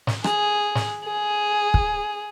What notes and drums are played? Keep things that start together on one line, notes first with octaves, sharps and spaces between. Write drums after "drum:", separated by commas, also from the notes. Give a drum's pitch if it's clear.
drum: snare
G#4, drum: rim click
drum: snare
G#4
drum: kick